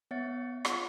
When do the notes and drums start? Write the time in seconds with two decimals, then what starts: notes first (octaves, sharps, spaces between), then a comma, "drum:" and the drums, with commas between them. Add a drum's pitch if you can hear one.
0.11 B3 C#5 E5 F#5 A6 C#7
0.65 F4 G#4 C#5 F#5 C6 C#6, drum: rim click